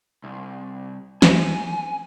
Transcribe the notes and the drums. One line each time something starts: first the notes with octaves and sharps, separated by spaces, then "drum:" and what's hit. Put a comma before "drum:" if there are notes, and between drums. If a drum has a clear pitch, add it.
C2
G#5, drum: snare